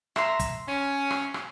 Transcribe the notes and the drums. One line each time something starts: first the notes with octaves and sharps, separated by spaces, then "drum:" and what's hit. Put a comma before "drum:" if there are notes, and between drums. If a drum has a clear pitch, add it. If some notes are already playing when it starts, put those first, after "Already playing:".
E5 A#5 C6, drum: rim click
drum: kick, hi-hat
C#4
drum: rim click
drum: rim click